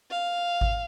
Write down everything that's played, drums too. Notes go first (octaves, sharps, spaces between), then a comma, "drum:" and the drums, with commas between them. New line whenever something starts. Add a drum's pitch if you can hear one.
F5
drum: kick G#1